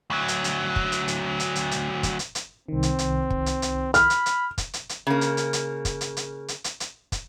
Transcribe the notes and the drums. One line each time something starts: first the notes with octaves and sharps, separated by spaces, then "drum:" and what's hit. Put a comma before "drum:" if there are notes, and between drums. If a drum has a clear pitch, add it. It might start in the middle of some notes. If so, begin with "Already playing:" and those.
D2 F#3
drum: hi-hat
drum: hi-hat
drum: kick
drum: hi-hat
drum: hi-hat
drum: hi-hat
drum: hi-hat
drum: hi-hat
drum: kick, hi-hat
drum: hi-hat
drum: hi-hat
C2 D#3 C4
drum: hi-hat
drum: hi-hat
drum: kick
drum: hi-hat
drum: hi-hat
B5 F6, drum: hi-hat
drum: hi-hat
drum: hi-hat
drum: kick, hi-hat
drum: hi-hat
drum: hi-hat
C#3 A#3
drum: hi-hat
drum: hi-hat
drum: hi-hat
drum: kick, hi-hat
drum: hi-hat
drum: hi-hat
drum: hi-hat
drum: hi-hat
drum: hi-hat
drum: kick, hi-hat